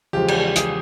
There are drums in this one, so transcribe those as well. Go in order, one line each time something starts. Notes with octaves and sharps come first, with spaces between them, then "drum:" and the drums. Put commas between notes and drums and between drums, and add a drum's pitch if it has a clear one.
E2 C#3 F3 G#3 G4
drum: cymbal
G#4, drum: hi-hat